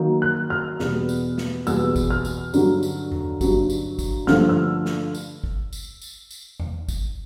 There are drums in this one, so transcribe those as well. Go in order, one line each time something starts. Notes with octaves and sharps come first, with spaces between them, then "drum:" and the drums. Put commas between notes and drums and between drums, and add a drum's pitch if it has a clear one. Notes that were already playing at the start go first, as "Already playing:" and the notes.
Already playing: D#3 F#3 A#3 D#4
F#6
F6
E2 B2 G3 B3, drum: snare
drum: tambourine
drum: snare
E2 B2 G3 B3 E6, drum: tambourine
drum: kick, tambourine
F6
drum: tambourine
G2 D3 F#3, drum: tambourine
drum: tambourine
drum: tom E2
G2 D3 F#3, drum: kick, tambourine
drum: tambourine
drum: kick, tambourine
G2 D3 F3 A3 F6, drum: snare
E6
drum: snare
drum: tambourine
drum: kick
drum: tambourine
drum: tambourine
drum: tambourine
drum: tom E2
drum: kick, tambourine